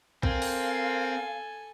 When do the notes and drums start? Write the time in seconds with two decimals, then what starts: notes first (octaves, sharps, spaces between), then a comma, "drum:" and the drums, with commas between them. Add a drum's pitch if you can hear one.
0.23 C4 A4 A#4 F5 G#5, drum: kick
0.42 drum: open hi-hat